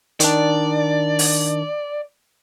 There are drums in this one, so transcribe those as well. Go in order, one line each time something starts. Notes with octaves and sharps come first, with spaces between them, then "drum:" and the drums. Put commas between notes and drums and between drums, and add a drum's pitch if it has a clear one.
D#3 D4 D5, drum: hi-hat
drum: open hi-hat